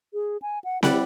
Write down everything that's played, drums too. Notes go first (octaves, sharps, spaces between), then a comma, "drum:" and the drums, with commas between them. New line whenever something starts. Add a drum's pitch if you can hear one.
G#4
G#5
F#5
G3 E4 D5 F#5, drum: snare C4